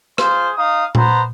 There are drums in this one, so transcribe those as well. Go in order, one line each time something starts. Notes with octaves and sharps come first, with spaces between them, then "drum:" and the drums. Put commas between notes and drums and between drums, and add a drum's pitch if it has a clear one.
F4 G#4 C5, drum: rim click
D#4 F5 D#6
B3 C5 A#5, drum: tom A#2